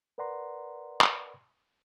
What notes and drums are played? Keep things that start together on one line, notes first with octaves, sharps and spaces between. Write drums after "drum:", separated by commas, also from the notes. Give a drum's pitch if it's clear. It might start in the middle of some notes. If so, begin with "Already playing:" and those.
A#4 B4 D5 F#5 A#5 C6
drum: clap